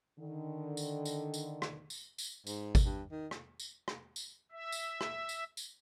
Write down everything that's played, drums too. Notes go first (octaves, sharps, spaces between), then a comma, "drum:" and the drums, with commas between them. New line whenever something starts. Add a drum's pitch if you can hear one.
D3 D#3
drum: tambourine
drum: tambourine
drum: tambourine
drum: rim click
drum: tambourine
drum: tambourine
G#2, drum: tambourine
drum: kick G#1, tambourine
G2
D#3
drum: rim click
drum: tambourine
drum: rim click
drum: tambourine
E5
drum: tambourine
drum: rim click
drum: tambourine
drum: tambourine